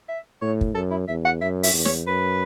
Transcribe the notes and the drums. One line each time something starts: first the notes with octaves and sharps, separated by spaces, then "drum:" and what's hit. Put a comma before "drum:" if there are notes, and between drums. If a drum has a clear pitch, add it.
E5
A2 C#5
drum: kick
F#2 A4
E4
E2 E5
F#5
F#2 E5
E5, drum: open hi-hat
E2
C#5, drum: snare
F#2 B4